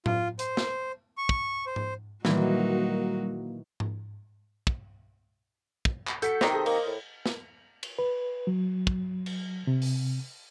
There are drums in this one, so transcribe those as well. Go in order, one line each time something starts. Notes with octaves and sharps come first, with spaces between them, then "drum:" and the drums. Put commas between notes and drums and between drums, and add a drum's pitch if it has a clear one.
F4, drum: tom A2
C5, drum: hi-hat
drum: snare
C#6
drum: kick
C5
drum: tom G#2
A#2 D#3 E3 F#3 G3 A#3 D#4 F#4, drum: snare
drum: tom G#2
drum: kick
drum: kick
drum: clap
F#4 A4 G6 B6 C#7, drum: hi-hat
C3 D#3 G4 C5 D#5, drum: snare
G#4 A4
A#3 A#4, drum: cymbal
A2
drum: snare
drum: cymbal
B4
F#3
drum: kick
drum: cymbal
C3
drum: open hi-hat